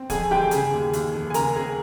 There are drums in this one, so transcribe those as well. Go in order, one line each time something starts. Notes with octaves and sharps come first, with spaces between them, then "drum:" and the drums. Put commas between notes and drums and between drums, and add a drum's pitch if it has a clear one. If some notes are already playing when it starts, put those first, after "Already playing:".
Already playing: C4
F2 G#4 G#5, drum: kick, hi-hat
G1 G4 G5
C#3 G#4 G#5, drum: hi-hat
D#2
D#2, drum: hi-hat
F1
G#5
C#3 A#4 A#5, drum: hi-hat
C4 G#4 G#5